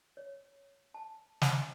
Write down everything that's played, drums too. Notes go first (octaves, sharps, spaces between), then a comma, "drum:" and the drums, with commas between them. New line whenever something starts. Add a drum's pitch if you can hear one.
C#5
A5
D#5, drum: snare